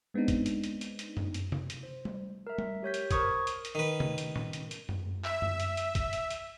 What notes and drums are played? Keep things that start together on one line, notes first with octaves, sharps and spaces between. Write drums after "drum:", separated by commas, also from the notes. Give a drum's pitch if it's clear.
G#3 B3 C4 D4 D#4
drum: kick, hi-hat
drum: hi-hat
drum: hi-hat
drum: hi-hat
drum: hi-hat
drum: tom F#2
drum: hi-hat
drum: tom C3
drum: hi-hat
C5
drum: tom G3
A#4 E5
drum: tom G3
G4 C#5 G6 B6
drum: hi-hat
A#4 C5 C#6 D#6 G#6, drum: kick, hi-hat
drum: hi-hat
drum: hi-hat
D#3 B4
drum: tom C3
drum: hi-hat
drum: tom A2
drum: hi-hat
drum: hi-hat
drum: tom F#2
E5, drum: clap
drum: tom F#2
drum: hi-hat
drum: hi-hat
drum: kick, hi-hat
drum: hi-hat
drum: hi-hat